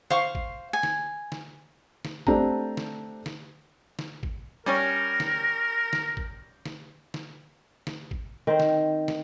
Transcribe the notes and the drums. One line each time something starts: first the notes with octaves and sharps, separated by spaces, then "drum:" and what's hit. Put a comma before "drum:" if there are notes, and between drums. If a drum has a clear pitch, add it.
C5 F5 C#6, drum: snare
drum: kick G#1
G#5
drum: snare
drum: snare
drum: snare
A3 C4 D4 G4 A#5, drum: kick G#1
drum: snare
drum: snare
drum: snare
drum: kick G#1
G3 C#4 A#4 C#5
drum: snare
drum: snare
drum: kick G#1
drum: snare
drum: snare
drum: snare
drum: kick G#1
D#3 C4 C5
drum: snare
drum: snare